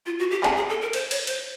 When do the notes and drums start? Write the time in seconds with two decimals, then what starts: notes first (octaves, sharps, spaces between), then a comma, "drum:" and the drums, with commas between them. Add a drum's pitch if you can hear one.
0.06 F4
0.19 F#4
0.31 G4
0.43 G#4, drum: clap
0.56 G#4
0.69 A4
0.81 A#4
0.93 C5, drum: cymbal
1.11 C#5, drum: cymbal
1.27 C5, drum: cymbal